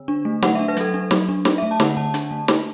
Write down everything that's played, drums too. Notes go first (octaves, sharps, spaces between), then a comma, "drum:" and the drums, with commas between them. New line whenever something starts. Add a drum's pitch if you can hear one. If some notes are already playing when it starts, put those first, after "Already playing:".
Already playing: D3
D4
A3
F#3 F#5, drum: snare
E5
D4
B4
F#3 A4, drum: hi-hat
D4
F#3, drum: snare
D4
D4, drum: snare
E5
A3
A5
D3 F#5, drum: snare
D3 A5
D4, drum: hi-hat
A3
D4, drum: snare